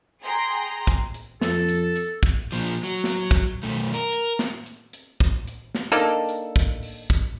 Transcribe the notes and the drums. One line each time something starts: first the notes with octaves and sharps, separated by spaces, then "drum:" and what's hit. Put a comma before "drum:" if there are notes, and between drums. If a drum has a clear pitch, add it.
G#4 G5 A#5 C6
drum: kick, hi-hat
drum: hi-hat
F2 A4, drum: snare
drum: hi-hat
drum: hi-hat
drum: kick, hi-hat
A#2 F3, drum: open hi-hat
F#3
drum: snare
drum: kick, hi-hat
B1 A3
A#4
drum: hi-hat
drum: snare
drum: hi-hat
drum: hi-hat
drum: kick, hi-hat
drum: hi-hat
drum: snare
A#3 D4 D#4 A4
drum: hi-hat
drum: kick, hi-hat
drum: open hi-hat
drum: kick, hi-hat